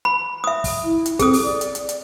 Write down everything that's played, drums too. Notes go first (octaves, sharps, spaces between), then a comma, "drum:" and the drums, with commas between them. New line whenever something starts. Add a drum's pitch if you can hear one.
B5
E5 D#6
drum: kick, open hi-hat
E4
drum: hi-hat
C4 G#4 A4 D#6, drum: kick, hi-hat
drum: open hi-hat
D5
drum: hi-hat
drum: hi-hat
drum: hi-hat